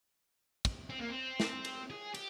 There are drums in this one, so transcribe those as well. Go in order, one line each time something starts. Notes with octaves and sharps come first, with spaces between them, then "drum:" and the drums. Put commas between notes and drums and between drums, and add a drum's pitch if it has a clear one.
drum: kick, cymbal
C4
A#3
C4
drum: snare
drum: cymbal
G#4
G4, drum: cymbal